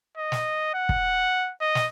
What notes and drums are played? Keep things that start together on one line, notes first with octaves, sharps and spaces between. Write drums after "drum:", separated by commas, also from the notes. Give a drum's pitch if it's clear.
D#5
drum: snare
F#5
drum: kick
D#5
drum: snare